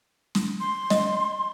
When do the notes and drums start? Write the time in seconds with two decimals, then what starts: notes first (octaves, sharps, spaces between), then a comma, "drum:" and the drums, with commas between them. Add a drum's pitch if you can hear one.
0.35 drum: snare
0.60 C6
0.90 D#5, drum: snare